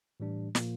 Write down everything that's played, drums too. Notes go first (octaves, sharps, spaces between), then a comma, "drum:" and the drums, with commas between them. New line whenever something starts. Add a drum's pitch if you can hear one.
A2 E3 G3 D4
A#2 F3 A#3 F4, drum: snare